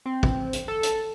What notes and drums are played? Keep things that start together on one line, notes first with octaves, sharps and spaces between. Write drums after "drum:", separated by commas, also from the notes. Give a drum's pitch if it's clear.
C4
drum: kick
drum: hi-hat
A4
drum: hi-hat